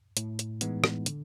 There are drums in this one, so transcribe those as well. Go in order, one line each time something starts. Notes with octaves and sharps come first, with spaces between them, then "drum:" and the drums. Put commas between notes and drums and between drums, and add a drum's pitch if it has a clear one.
A2, drum: hi-hat
drum: hi-hat
E3 G#3 B3 D#4, drum: hi-hat
drum: rim click
D3, drum: hi-hat